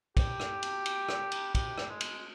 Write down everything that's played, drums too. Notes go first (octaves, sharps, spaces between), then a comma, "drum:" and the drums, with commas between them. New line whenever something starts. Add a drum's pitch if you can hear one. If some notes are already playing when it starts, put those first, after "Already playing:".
G4, drum: kick, cymbal
drum: rim click
drum: cymbal
drum: cymbal
drum: rim click
drum: cymbal
G4, drum: kick, cymbal
drum: rim click
G#3
drum: cymbal